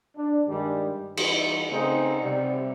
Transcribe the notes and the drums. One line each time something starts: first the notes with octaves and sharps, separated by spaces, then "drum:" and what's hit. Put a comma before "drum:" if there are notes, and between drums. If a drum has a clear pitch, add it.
D4
G2 D#3 G3 G#3
E3 G3 D#4, drum: cymbal
C#3 A3 C4 D#4 G#4
C3 G3